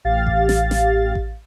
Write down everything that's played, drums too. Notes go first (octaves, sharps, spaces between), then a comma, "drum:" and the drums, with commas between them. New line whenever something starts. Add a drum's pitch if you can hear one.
A1 G4 F5 A6
drum: kick A1
drum: snare
drum: snare
drum: kick A1